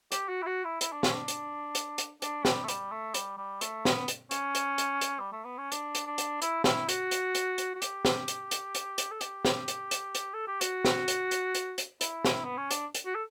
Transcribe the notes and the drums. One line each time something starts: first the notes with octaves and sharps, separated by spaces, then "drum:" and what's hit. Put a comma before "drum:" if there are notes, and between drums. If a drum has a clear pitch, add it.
G4, drum: hi-hat
F#4
E4
F#4
E4
E4, drum: hi-hat
D4
C#4, drum: snare
D4
drum: hi-hat
drum: hi-hat
drum: hi-hat
D4, drum: hi-hat
G3, drum: snare
A3
G3, drum: hi-hat
A3
G3, drum: hi-hat
G3
A3, drum: hi-hat
B3, drum: snare
drum: hi-hat
C#4, drum: hi-hat
drum: hi-hat
drum: hi-hat
drum: hi-hat
G3
A3
B3
C#4
D4, drum: hi-hat
drum: hi-hat
D4
drum: hi-hat
E4, drum: hi-hat
E4, drum: snare
F#4, drum: hi-hat
drum: hi-hat
drum: hi-hat
drum: hi-hat
F#4
G4, drum: hi-hat
drum: snare
drum: hi-hat
drum: hi-hat
drum: hi-hat
drum: hi-hat
A4
G4, drum: hi-hat
drum: snare
drum: hi-hat
drum: hi-hat
drum: hi-hat
A4
G4
F#4, drum: hi-hat
drum: snare
drum: hi-hat
drum: hi-hat
drum: hi-hat
drum: hi-hat
E4, drum: hi-hat
drum: snare
B3
C#4
D4, drum: hi-hat
drum: hi-hat
F#4
A4